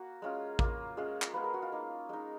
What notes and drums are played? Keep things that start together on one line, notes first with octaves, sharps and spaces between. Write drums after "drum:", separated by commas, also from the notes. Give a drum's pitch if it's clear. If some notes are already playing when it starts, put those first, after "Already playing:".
Already playing: A#3 F#4
G#3 C#4 F4
A#3 F4, drum: kick A1
G#3 C#4 F4 G#4
drum: clap
G#3 B3 F4 B4
A#4
F#4
F4
A#3 D#4
G#3 D#4